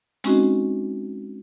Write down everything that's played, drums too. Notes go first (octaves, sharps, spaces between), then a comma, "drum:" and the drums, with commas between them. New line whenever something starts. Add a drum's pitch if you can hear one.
G#3 C4 C#4 D#4 F#4 D#5, drum: open hi-hat